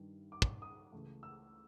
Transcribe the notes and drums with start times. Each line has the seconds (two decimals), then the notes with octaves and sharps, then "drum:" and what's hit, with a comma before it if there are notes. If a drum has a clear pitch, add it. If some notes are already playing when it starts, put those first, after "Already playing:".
Already playing: G2 D#3 G3
0.32 D6
0.42 drum: kick
0.62 D#6
0.92 C#2 C#3 E3 A3
1.23 E6